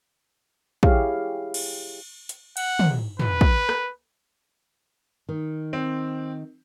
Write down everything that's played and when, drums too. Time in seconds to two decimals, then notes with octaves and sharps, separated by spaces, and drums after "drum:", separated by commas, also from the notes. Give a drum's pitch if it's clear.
0.83 E4 G4 G#4 C#5 F5, drum: kick
1.54 drum: cymbal
2.29 drum: hi-hat
2.57 F#5, drum: cymbal
2.79 drum: tom
3.19 B4, drum: tom
3.41 drum: kick
3.69 drum: rim click
5.29 D#3
5.73 C4